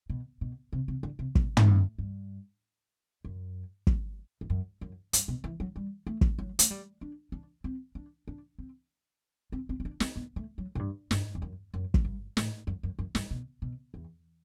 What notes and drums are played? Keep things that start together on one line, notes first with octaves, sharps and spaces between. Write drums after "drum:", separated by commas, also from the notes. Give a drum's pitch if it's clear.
B2
B2
C3
C3
D3
C3
B2, drum: kick
B2, drum: tom
A2
G2
F#2
drum: kick
E2
F#2
F#2
G2, drum: hi-hat
B2
E3
F#3
G3
A3
drum: kick
F#3
A3, drum: hi-hat
G3
D4
D4
C4
D4
D4
C4
C4
C4
C4
D4
C4, drum: snare
B3
A3
F#3
A2
G2
G2, drum: snare
E2
F#2
F#2
drum: kick
G2
A2, drum: snare
F#2
F#2
F#2
G2, drum: snare
B2
B2
E2